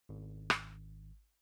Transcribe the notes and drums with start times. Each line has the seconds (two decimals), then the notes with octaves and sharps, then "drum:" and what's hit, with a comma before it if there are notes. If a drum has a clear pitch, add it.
0.09 G#1
0.50 drum: rim click